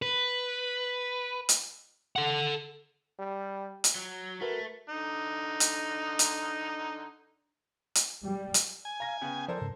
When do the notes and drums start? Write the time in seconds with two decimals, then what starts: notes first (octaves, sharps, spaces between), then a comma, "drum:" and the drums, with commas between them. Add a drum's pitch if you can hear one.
0.02 B4
1.49 drum: hi-hat
2.16 A4 F#5
3.19 G3
3.84 drum: hi-hat
3.95 F#3
4.41 A3 F#4 A#4 B4
4.89 D3 D#4
5.60 drum: hi-hat
6.19 drum: hi-hat
7.95 drum: hi-hat
8.25 G3
8.54 drum: hi-hat
8.85 G#5
9.00 F5 A#5 A#6
9.21 C#3 B3 C#4 G5
9.48 F3 A4 A#4 C5 D5
9.61 G#2 C#3